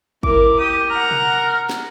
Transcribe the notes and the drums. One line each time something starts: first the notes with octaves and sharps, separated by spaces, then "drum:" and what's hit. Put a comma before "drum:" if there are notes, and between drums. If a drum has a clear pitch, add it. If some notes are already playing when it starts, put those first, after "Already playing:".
E4 A#4 D6, drum: kick
G4 D#6
A#4 F#5 A#5
drum: tom B2
drum: snare